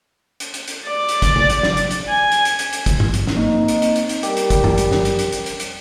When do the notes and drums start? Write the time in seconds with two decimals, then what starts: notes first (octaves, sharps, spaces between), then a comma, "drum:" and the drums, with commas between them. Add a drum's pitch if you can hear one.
0.40 drum: hi-hat
0.54 drum: hi-hat
0.68 drum: hi-hat
0.87 D5
1.09 drum: hi-hat
1.22 drum: kick, hi-hat
1.36 drum: tom C3
1.50 drum: hi-hat
1.63 drum: snare
1.77 drum: hi-hat
1.91 drum: hi-hat
2.09 G#5
2.32 drum: hi-hat
2.45 drum: hi-hat
2.59 drum: hi-hat
2.73 drum: hi-hat
2.86 drum: kick, hi-hat
3.00 drum: tom G2
3.14 drum: hi-hat
3.27 drum: snare
3.36 A#3 C4 D#4
3.68 drum: hi-hat
3.82 drum: hi-hat
3.96 drum: hi-hat
4.09 drum: hi-hat
4.23 G3 A#4 G5 D6, drum: hi-hat
4.37 drum: hi-hat
4.50 drum: kick, hi-hat
4.64 drum: tom F#2
4.78 drum: hi-hat
4.91 drum: snare
5.05 drum: hi-hat
5.19 drum: hi-hat
5.32 drum: hi-hat
5.46 drum: hi-hat
5.60 drum: hi-hat